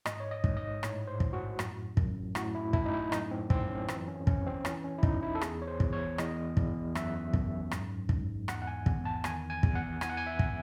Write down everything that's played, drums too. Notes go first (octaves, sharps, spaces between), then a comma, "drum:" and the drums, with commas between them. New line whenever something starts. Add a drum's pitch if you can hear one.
G#2 D#5, drum: rim click
C#5
D#5
G#2, drum: kick
D#5
A2 C#5, drum: rim click
C5
A2, drum: kick
F#4
F#2, drum: rim click
F#2, drum: kick
A2 F#4, drum: rim click
E4
A2 E4, drum: kick
D#4
E4
F#2 D#4, drum: rim click
C4
F#2 C4, drum: kick
C#4
E3 C4, drum: rim click
C#4
E2 C#4, drum: kick
C4
E3 C#4, drum: rim click
C#4
E4
E2 D#4, drum: kick
E4
A4
E2 G#4, drum: rim click
C#5
C5
E2, drum: kick
C#5
E2 D#5, drum: rim click
E2, drum: kick
F#2 E5, drum: rim click
F#2, drum: kick
G#2, drum: rim click
G#2, drum: kick
E2 F#5, drum: rim click
F#5
G#5
E2, drum: kick
A5
D#3 G#5, drum: rim click
G#5
E2, drum: kick
F#5
E3 G#5, drum: rim click
F#5
G#5
E5
drum: kick